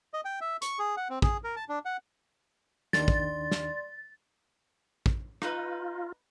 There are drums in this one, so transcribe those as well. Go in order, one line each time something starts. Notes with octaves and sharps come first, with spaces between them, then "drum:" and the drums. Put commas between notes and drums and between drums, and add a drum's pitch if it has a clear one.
D#5
G5
E5
C#6, drum: hi-hat
G#4
F#5
C4
G#4, drum: kick
A#4
A5
D4
F#5
D#2 D#3 D4 D5 C6 A6, drum: snare
drum: kick
drum: snare
drum: kick
D#4 F4 B4, drum: rim click